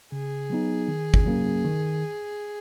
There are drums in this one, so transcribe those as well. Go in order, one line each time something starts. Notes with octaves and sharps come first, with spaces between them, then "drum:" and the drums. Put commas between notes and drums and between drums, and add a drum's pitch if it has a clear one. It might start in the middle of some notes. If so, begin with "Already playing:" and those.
C#3 G#4
F#3 B3 D#4
D#3
drum: kick G1
F#3 A#3 C#4
D#3